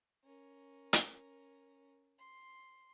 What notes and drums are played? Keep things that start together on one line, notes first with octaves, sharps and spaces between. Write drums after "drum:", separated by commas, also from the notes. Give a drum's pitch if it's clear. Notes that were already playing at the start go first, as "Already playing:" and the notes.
C#4 A#4
drum: hi-hat
C6